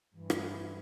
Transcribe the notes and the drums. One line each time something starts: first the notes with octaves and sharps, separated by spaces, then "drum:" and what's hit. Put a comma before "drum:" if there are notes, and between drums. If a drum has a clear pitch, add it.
G2 E3
drum: rim click